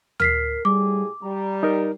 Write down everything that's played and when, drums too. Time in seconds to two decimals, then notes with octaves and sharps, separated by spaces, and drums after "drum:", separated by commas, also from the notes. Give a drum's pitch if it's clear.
0.20 A#4 F6 B6 C7, drum: tom D2
0.65 A2 G3 G4 G#4 D6
1.22 G3 A#5
1.63 D#4 A#4